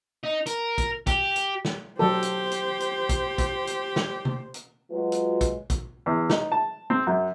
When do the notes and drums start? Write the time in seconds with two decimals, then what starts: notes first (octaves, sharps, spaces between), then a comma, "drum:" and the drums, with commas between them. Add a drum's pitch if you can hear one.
0.24 D#4
0.46 A#4, drum: hi-hat
0.78 drum: kick A#1, hi-hat
1.07 G4, drum: kick A#1, hi-hat
1.36 drum: hi-hat
1.65 drum: snare
1.99 F#3 G4 A4 C5
2.23 drum: hi-hat
2.51 drum: hi-hat
2.80 drum: hi-hat
3.09 drum: kick A#1, hi-hat
3.38 drum: kick A#1, hi-hat
3.67 drum: hi-hat
3.96 drum: snare
4.25 drum: tom
4.54 drum: hi-hat
4.91 F#3 G#3 F4 F#4 B4
5.12 drum: hi-hat
5.41 drum: kick A#1, hi-hat
5.70 drum: kick A#1, hi-hat
6.06 E2
6.30 D#4, drum: snare
6.52 A5
6.90 C4
7.07 F#2